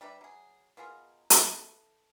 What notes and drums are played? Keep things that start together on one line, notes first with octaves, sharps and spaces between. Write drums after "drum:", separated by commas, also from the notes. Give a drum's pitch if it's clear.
G3 D4 B4 E5
F#3 G#4
B2 F4 G#4 A#4
E4 A4 B4, drum: hi-hat